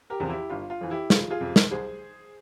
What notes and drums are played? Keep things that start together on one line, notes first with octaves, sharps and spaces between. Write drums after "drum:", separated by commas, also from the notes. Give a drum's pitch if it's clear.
G4 A#4
E2 C3 F3
E4 G4
G1 F4
F4
F2 E3
E4 G4
F1 F4 G#4, drum: snare
F4 G#4
F2 C3
drum: snare
C2 G#4 C5